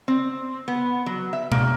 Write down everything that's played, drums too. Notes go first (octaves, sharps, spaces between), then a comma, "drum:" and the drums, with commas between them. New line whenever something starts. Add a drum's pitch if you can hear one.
C4
B3
F#3
E5
A#3, drum: tom B2